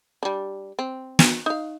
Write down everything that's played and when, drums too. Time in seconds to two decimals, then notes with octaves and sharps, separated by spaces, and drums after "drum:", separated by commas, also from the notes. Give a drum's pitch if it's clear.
0.23 G3 D4
0.79 C4
1.19 drum: snare
1.46 D#4 F5